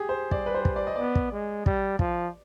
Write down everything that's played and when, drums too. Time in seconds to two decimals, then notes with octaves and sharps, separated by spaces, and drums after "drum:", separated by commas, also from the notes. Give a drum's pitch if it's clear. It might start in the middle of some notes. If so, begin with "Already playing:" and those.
Already playing: G4 G#4
0.09 C5
0.31 G3 D5, drum: kick
0.46 B4
0.54 C5
0.65 drum: kick
0.76 D5
0.87 D#5
0.96 B3 D5
1.15 drum: kick
1.32 G#3
1.66 G3, drum: kick
1.99 F3, drum: kick